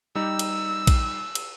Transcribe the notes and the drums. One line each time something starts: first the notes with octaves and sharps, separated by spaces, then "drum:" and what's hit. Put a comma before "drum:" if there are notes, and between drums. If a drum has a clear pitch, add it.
G3 D#4 G4 E6
drum: cymbal
drum: kick A#1, cymbal
drum: cymbal